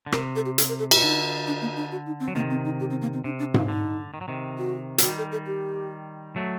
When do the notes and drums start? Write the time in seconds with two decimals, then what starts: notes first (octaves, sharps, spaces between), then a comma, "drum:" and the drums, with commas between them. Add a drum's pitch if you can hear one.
0.06 D3
0.12 C3 A#4, drum: rim click
0.36 A4
0.46 G4
0.58 A4, drum: hi-hat
0.68 A#4
0.79 A4
0.91 G4, drum: cymbal
0.96 C3
1.02 D3 D#4
1.47 D4
1.61 A#3
1.76 D4
1.92 F#4
2.06 D#4
2.20 C4
2.28 F#3
2.35 C3 D#3 A#3
2.50 C4
2.65 D#4
2.80 G4
2.91 C4
3.02 A#3
3.13 C4
3.24 C3 D4
3.39 D4
3.54 D#4, drum: tom G#2
3.68 D3 D#4
4.14 D#3
4.21 F#3
4.28 C3 D#3
4.58 F#4
4.98 F#3, drum: hi-hat
5.02 D#3 G3 F#4
5.18 A4
5.32 A4
5.47 G4
6.36 F#3 A3